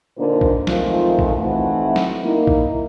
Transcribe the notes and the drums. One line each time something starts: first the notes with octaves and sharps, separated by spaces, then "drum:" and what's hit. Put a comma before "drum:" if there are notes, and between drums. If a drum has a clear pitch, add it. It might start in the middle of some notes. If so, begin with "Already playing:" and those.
A#2 D3 A#3 D4 D#4 C5
drum: kick A#1
D#3 F3 G#3 A3 C4 F4, drum: snare
drum: kick A#1
E3 A3 C4 D#4 E4 F#4
drum: snare
A#3 D#4 E4
drum: kick A#1